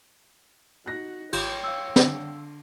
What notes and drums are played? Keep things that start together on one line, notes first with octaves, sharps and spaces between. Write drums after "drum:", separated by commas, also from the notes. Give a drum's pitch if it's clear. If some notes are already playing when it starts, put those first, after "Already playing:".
D#4 F#4 F#6 A#6
G#1 F4 G4 C#5 G5, drum: cymbal
F5 E6
D3, drum: snare